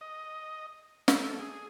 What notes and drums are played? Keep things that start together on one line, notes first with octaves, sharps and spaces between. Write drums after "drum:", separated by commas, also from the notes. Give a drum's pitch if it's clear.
D#5
A3, drum: snare
G#4